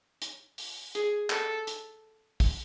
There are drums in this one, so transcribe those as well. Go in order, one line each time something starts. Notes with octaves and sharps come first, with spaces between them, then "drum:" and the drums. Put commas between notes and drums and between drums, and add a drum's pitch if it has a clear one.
drum: hi-hat
drum: open hi-hat
G#4, drum: hi-hat
A4, drum: clap
drum: hi-hat
drum: kick, open hi-hat